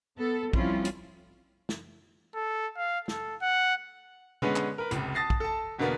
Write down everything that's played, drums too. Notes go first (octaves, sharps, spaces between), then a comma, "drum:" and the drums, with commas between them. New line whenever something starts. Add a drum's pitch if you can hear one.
B3 A4
F3 G3 C4 C#4 E4 F4, drum: kick
drum: hi-hat
drum: snare
A4
F5
A4, drum: snare
F#5
D3 G#3 B3 C#4 B4, drum: tom B2
drum: clap
A#4 B4
F1 C#2, drum: hi-hat
A5 D#6 A6 A#6 C7
drum: kick
A4 A5
E2 B2 D3 A#3 B3